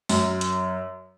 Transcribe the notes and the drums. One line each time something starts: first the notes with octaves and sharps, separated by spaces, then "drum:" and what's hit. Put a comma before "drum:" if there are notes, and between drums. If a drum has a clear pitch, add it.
F#2 F#3, drum: open hi-hat
drum: hi-hat